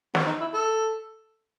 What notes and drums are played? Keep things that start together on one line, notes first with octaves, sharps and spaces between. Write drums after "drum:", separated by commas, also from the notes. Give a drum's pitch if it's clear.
B3, drum: snare
D#4
E4
A4